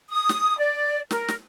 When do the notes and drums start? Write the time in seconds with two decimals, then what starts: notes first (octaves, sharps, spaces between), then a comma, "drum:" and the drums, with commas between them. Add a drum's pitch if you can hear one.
0.09 D#6
0.29 drum: snare
0.58 D5
1.11 A#4, drum: snare
1.28 drum: snare